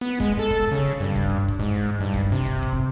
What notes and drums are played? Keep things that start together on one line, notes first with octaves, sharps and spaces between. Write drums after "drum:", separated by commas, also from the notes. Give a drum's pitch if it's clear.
B3
G#3, drum: kick
A4
drum: kick
C#3
G2
drum: kick
drum: kick
G#2
G2
drum: kick
C3
drum: kick
drum: kick